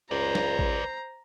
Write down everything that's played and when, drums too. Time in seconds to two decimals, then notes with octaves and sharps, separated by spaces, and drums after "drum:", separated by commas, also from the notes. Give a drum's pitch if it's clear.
0.11 C#2 B4 C5 D5 A#5
0.35 drum: snare
0.59 drum: kick A1